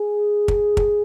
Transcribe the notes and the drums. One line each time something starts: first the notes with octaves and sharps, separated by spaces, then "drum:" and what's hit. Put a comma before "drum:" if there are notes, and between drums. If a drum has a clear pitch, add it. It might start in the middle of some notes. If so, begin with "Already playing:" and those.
Already playing: G#4
drum: kick
drum: kick